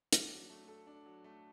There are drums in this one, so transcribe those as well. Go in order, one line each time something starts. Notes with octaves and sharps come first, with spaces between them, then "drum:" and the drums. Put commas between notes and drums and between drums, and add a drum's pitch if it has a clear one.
D4, drum: hi-hat
F#3
A3
A4
D4
F#3
A3